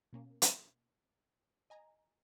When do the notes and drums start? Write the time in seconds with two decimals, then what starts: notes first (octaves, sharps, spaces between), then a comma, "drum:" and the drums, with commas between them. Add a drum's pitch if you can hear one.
0.13 B2 A#3 C#4
0.42 drum: hi-hat
1.70 D#5 G#5 A#5